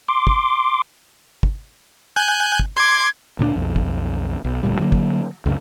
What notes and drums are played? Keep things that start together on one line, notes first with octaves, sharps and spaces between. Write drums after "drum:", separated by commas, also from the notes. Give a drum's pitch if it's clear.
C6 D6
drum: kick
drum: kick
G#5 F#6 G6
drum: kick
C6 D6 G#6
D2 A#2 A#3 D4
B1 F2
drum: kick
B1
F1 D2 A#2 G3
D3 F#3 G3 A#3
drum: kick
C#2 F#2 A#2 C#3